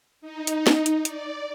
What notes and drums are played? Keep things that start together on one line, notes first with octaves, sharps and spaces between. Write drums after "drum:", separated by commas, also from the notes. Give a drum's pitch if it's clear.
D#4
drum: hi-hat
drum: snare
drum: hi-hat
D5, drum: hi-hat